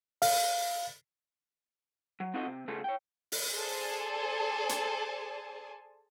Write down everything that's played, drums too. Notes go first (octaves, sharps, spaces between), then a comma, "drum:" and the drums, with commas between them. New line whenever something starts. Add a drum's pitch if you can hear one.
F5, drum: open hi-hat
F#3
C4 D#4 F4 F#4 A4 D#5
C3 C4
C#3 A3 F4 G#4 A4
C#5 G5
drum: open hi-hat
G#4 A4 C5 D5 G#5 A5
drum: hi-hat